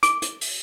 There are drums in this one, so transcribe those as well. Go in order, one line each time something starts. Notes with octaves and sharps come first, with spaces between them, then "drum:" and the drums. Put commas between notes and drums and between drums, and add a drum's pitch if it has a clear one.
D6, drum: hi-hat
drum: hi-hat
drum: open hi-hat